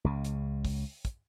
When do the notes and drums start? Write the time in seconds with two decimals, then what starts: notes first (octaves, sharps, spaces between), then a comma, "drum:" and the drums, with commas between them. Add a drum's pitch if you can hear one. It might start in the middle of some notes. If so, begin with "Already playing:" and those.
0.04 C#2 C#3
0.24 drum: hi-hat
0.65 drum: kick, open hi-hat
1.05 drum: kick, hi-hat